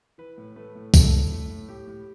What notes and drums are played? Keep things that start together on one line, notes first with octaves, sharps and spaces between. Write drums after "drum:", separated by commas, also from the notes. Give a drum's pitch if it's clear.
E3 B4
A2
A3 B4
A2
A2 A4, drum: kick, tambourine
A2
A3
A2
A2 G4
A2